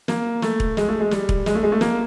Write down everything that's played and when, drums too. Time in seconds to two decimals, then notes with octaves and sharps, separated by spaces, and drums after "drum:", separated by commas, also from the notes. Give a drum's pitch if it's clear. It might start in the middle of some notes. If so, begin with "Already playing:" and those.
0.08 A#3, drum: snare
0.42 A3, drum: snare
0.60 drum: kick E1
0.77 G#3, drum: snare
0.88 A3
1.00 G#3
1.11 G3, drum: snare
1.29 drum: kick E1
1.46 G#3, drum: snare
1.55 A3
1.63 G#3
1.72 A3
1.81 A#3, drum: snare